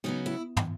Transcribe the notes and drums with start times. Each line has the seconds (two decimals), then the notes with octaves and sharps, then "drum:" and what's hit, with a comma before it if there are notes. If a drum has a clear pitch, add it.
0.04 C#3 F#3 B3 D#4
0.26 E4
0.57 drum: tom